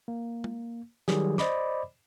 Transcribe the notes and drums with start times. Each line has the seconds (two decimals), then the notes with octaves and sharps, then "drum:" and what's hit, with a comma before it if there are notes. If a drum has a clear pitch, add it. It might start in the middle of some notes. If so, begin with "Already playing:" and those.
0.08 A#3
0.44 drum: tom
1.08 D#3 F#3 G3 G4 G#4, drum: snare
1.38 C5 D5 D#5 B5 D6, drum: snare